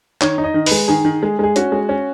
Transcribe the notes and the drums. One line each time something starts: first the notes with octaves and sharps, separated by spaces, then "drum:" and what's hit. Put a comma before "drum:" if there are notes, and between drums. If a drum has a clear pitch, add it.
D#3 C#5, drum: clap
D#4
D#5
D#3
G#3 B4, drum: open hi-hat
D#3 G#4
D#3
G#3
G#3 G#4
C#4 F#4, drum: hi-hat
G#3
C#4